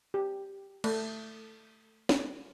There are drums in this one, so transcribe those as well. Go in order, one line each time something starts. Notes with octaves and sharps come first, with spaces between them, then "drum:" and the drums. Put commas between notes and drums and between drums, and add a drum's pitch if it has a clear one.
G4
A3, drum: cymbal
drum: snare